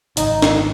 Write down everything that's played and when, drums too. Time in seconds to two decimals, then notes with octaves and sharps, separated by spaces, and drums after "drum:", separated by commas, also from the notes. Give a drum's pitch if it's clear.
0.17 G#1 F#2 C#3 D#4, drum: hi-hat
0.42 drum: snare